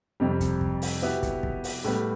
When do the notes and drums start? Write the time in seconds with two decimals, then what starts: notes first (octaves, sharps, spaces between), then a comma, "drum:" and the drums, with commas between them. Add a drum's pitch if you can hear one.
0.20 F2 C3 G3
0.41 drum: kick, hi-hat
0.61 drum: kick
0.82 drum: open hi-hat
1.02 B2 B3 E4 G4
1.23 drum: kick, hi-hat
1.43 drum: kick
1.64 drum: open hi-hat
1.84 A2 G3 B3